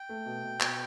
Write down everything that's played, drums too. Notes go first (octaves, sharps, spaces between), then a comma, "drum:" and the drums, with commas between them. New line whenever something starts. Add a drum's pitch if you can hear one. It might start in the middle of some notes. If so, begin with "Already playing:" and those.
Already playing: G5
A3
B2
B2
B2, drum: clap